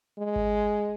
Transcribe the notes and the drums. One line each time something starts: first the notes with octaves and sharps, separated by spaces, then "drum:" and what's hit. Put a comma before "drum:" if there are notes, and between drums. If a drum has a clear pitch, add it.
G#3
drum: kick G#1